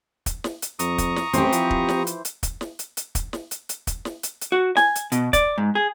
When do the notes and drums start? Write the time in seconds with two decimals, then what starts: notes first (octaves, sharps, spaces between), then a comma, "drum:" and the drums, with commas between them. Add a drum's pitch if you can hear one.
0.26 drum: kick, hi-hat
0.44 drum: snare
0.62 drum: hi-hat
0.79 F2 A#5 C#6 D#6, drum: hi-hat
0.98 drum: kick, hi-hat
1.16 drum: snare
1.33 A1 E3 C4 G4 C5, drum: hi-hat
1.52 F3, drum: hi-hat
1.71 drum: kick
1.89 drum: snare
2.07 drum: hi-hat
2.25 drum: hi-hat
2.43 drum: kick, hi-hat
2.61 drum: snare
2.79 drum: hi-hat
2.97 drum: hi-hat
3.15 drum: kick, hi-hat
3.33 drum: snare
3.51 drum: hi-hat
3.69 drum: hi-hat
3.87 drum: kick, hi-hat
4.05 drum: snare
4.23 drum: hi-hat
4.41 drum: hi-hat
4.52 F#4
4.77 G#5, drum: snare
4.95 drum: hi-hat
5.12 B2, drum: hi-hat
5.33 D5, drum: kick, hi-hat
5.58 G#2
5.75 G#4